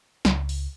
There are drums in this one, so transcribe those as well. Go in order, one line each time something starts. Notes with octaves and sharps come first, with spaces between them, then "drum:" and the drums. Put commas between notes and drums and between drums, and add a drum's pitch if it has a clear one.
C#2, drum: snare
drum: open hi-hat